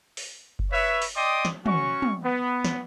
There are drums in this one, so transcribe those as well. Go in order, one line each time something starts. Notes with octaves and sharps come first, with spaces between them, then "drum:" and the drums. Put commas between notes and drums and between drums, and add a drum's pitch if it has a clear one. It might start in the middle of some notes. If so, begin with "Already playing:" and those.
drum: open hi-hat
drum: kick F#1
B4 C#5 E5
drum: open hi-hat
D5 D#5 G5 C6 D6 D#6
drum: snare
C#4 F#4 C#6, drum: tom
drum: tom
B3
drum: snare